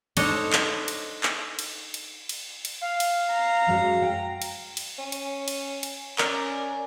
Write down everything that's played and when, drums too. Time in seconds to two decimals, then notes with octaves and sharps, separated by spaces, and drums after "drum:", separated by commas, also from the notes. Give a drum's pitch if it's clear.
0.17 D4 D#4 A4 C5 C#5 D#5, drum: cymbal
0.53 drum: clap
0.88 drum: cymbal
1.23 drum: clap
1.59 drum: cymbal
1.94 drum: cymbal
2.29 drum: cymbal
2.65 drum: cymbal
2.81 F5
3.00 drum: cymbal
3.29 A#5
3.67 F#2 G#3 F#4
4.01 F#5 G5
4.42 drum: cymbal
4.77 drum: cymbal
4.98 C#4
5.12 drum: cymbal
5.48 drum: cymbal
5.83 drum: cymbal
6.18 C#4 A#4 C#5 D5, drum: clap